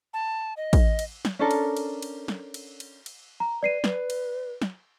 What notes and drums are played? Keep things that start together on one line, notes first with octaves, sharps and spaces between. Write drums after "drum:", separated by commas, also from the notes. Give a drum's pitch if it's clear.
A5
D#5
drum: kick, cymbal
drum: cymbal
drum: snare
C#4 D4 A4 A#4
drum: cymbal
drum: cymbal
drum: cymbal
drum: snare
drum: cymbal
drum: cymbal
drum: cymbal
A#5
B4 D5 C7 D#7
B4, drum: snare
drum: cymbal
drum: snare